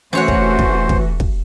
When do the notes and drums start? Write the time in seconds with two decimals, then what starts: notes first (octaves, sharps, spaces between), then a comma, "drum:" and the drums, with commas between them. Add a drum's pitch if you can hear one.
0.13 C3 E3 A3 C#4 F#4 C5 C#5 F#5
0.28 drum: kick
0.59 drum: kick
0.89 drum: kick
1.20 drum: kick